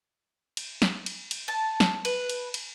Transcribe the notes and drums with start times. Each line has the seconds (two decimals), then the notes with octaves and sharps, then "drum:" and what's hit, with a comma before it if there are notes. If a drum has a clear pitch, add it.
0.57 drum: cymbal
0.82 drum: snare
1.06 drum: cymbal
1.31 drum: cymbal
1.48 A5
1.80 drum: snare
2.05 B4, drum: cymbal
2.29 drum: cymbal
2.54 drum: cymbal